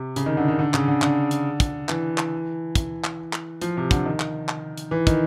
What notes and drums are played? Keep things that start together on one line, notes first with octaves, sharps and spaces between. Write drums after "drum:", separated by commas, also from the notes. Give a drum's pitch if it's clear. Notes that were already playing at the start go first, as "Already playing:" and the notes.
Already playing: C3
C#3, drum: hi-hat
D#3
D3
D#3
D3
C#3, drum: clap
D3
D3, drum: clap
drum: hi-hat
drum: kick, hi-hat
E3, drum: clap
drum: clap
drum: kick, hi-hat
drum: clap
drum: clap
F3, drum: hi-hat
C3
D3, drum: kick, hi-hat
D#3
drum: clap
drum: clap
drum: hi-hat
E3
D#3, drum: kick, hi-hat